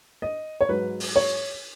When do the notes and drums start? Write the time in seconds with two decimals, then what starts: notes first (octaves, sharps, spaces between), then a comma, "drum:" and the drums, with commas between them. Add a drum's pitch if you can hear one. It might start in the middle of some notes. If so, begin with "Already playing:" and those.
0.22 D#5
0.61 C#5
0.69 G#2 F#3 B4
1.00 drum: open hi-hat
1.16 C#5